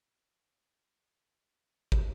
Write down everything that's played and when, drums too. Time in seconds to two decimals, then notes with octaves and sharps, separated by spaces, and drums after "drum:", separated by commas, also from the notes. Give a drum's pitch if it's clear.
0.03 E5 G5 D6 F#6
1.92 drum: kick